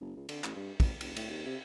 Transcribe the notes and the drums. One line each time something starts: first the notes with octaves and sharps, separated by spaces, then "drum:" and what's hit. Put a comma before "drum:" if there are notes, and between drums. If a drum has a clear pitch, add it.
F#1
C#2
D3, drum: cymbal
A1, drum: clap
G2
G#1, drum: kick, cymbal
F1, drum: cymbal
A2, drum: cymbal
D#2
C3